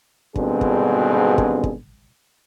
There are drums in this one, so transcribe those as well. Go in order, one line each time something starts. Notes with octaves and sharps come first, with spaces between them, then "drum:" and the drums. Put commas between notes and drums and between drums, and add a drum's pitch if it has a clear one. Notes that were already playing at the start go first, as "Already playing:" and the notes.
G#1 G2 B2 D3 C4 G#4, drum: kick
drum: kick
drum: kick
drum: kick